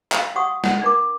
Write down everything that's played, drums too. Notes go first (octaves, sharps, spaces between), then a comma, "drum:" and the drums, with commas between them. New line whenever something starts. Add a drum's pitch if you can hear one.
F5, drum: clap
F#4 F#5 C#6 D#6
F#5, drum: snare
D4 A#4 D6